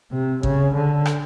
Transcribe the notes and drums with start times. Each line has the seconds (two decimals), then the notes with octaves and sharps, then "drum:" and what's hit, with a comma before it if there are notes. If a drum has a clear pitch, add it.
0.12 C3
0.43 C#3, drum: kick
0.74 D3
1.06 drum: rim click